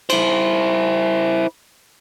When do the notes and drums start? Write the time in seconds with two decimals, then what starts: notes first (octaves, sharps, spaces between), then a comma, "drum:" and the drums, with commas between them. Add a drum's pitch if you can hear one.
0.10 E4 C5, drum: cymbal